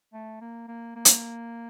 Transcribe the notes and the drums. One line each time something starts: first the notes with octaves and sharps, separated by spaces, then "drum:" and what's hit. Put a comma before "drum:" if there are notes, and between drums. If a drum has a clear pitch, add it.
A3
A#3
A#3
A#3
drum: hi-hat